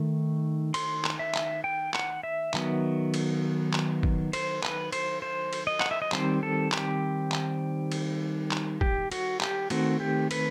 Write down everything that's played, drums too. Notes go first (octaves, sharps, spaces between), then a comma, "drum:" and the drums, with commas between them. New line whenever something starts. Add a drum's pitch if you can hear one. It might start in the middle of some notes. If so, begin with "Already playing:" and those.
Already playing: D#3 A3
C6, drum: cymbal
drum: clap
E5
drum: clap
G5
F#5, drum: clap
E5
D#3 F#3 B3, drum: clap
drum: cymbal
drum: clap
drum: kick G#1
C5, drum: cymbal
B4, drum: clap
C5, drum: cymbal
C5
drum: cymbal
D#5
F#5, drum: clap
E5
D#5
D#3 G3 C4 C5, drum: clap
A4
G4, drum: clap
drum: clap
drum: cymbal
drum: clap
G4, drum: kick G#1
F#4, drum: cymbal
G4, drum: clap
D#3 A3 C4 F#4, drum: cymbal
G4
B4, drum: cymbal